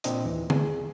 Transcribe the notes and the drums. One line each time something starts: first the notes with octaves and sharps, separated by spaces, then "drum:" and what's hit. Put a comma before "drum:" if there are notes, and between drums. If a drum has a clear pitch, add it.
A#2 C4 D4 D#5, drum: hi-hat
D#2 E3
G#4, drum: tom D3